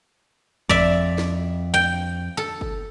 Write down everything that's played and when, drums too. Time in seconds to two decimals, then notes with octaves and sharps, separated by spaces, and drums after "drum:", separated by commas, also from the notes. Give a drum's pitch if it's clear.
0.69 F2 D5 E5, drum: kick G1
1.18 drum: snare
1.74 G5
2.37 A4
2.61 drum: kick G1